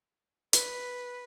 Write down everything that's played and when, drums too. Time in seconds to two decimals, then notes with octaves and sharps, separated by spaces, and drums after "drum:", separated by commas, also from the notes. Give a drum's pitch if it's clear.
0.53 B4, drum: hi-hat